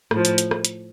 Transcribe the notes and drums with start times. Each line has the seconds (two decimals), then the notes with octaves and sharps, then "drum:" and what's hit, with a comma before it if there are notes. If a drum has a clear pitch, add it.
0.11 A2 F3, drum: rim click
0.25 drum: hi-hat
0.38 drum: hi-hat
0.51 drum: rim click
0.65 drum: hi-hat